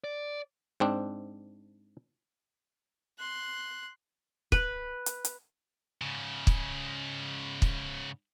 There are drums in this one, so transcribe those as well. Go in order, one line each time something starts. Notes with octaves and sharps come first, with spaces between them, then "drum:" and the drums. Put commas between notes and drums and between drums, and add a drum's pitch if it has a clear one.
D5
G#2 C4 D4
C6 F#6
B4, drum: kick
drum: hi-hat
drum: hi-hat
G#2 C#3
drum: kick
drum: kick